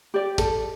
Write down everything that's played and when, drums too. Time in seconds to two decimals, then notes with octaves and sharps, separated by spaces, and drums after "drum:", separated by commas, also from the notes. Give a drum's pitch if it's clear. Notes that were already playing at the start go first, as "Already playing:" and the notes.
0.14 G4 D5
0.38 A4, drum: kick, hi-hat